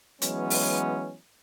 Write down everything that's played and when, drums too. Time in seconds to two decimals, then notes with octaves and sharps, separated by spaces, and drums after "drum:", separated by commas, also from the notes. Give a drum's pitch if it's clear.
0.22 E3 F#3 G#3 B3 C#4, drum: hi-hat
0.50 drum: open hi-hat